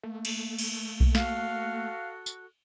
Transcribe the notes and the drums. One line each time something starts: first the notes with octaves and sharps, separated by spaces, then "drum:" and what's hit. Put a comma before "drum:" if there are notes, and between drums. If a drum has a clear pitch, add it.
A3 A#3
drum: cymbal
drum: cymbal
drum: kick B1
F#4 A4 F5 F#6, drum: snare
drum: tambourine